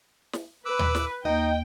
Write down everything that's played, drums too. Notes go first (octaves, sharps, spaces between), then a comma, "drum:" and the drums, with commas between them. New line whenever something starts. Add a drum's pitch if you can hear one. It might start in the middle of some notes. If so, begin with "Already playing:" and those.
drum: snare
B4 D6 E6 F#6
drum: tom D#2
drum: snare
D#2 A#3 D#4 D#5 G5